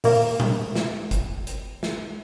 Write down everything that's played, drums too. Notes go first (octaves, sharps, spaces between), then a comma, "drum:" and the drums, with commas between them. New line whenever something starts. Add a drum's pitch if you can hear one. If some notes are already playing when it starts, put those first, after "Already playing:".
A#2 A#3, drum: open hi-hat
drum: tom A#2
drum: snare
drum: kick, hi-hat
drum: hi-hat
drum: snare